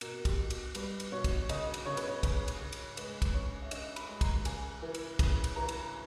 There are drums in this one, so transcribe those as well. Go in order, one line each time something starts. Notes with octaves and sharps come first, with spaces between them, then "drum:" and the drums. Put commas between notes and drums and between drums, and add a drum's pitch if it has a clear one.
B2 A#4, drum: cymbal
G4, drum: kick, cymbal
B2
drum: cymbal
G3 B4, drum: cymbal
drum: cymbal
B2 C#5
drum: kick, cymbal
C#3 D#5, drum: cymbal
drum: cymbal
C#3 C#5
B4, drum: cymbal
C#5
C#3, drum: kick, cymbal
drum: cymbal
C#3
drum: cymbal
G#3 B4, drum: cymbal
drum: kick, cymbal
C#4 C#5
E5
C#4 D#5, drum: cymbal
B5, drum: cymbal
G#3
A#5, drum: kick, cymbal
C#3 G#5, drum: cymbal
E3
drum: cymbal
C#3, drum: kick, cymbal
drum: cymbal
E3 A#5
drum: cymbal